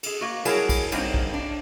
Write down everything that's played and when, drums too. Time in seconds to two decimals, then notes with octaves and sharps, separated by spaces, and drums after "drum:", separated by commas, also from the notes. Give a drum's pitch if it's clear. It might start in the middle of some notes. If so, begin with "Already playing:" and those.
0.03 G#4 A4, drum: cymbal
0.21 A#3 F#4
0.45 F#3 G3 E4 G#4 A#4 A5, drum: cymbal
0.69 drum: kick, cymbal
0.92 F#3 G3 A#3 C4 D4 D#4, drum: cymbal
1.14 drum: kick
1.34 D4